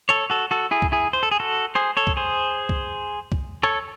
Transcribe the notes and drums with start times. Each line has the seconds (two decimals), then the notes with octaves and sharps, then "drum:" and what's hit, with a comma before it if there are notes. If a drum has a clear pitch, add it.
0.09 A4 C#5
0.30 F#4 A4
0.51 F#4 A4
0.71 E4 G#4
0.82 drum: kick C2
0.92 E4 G#4
1.13 C5
1.23 A4
1.31 G#4
1.40 F#4 A4
1.75 G#4 C5
1.97 A4 C#5
2.07 drum: kick C2
2.17 G#4 C5
2.69 drum: kick C2
3.32 drum: kick C2
3.63 A4 C#5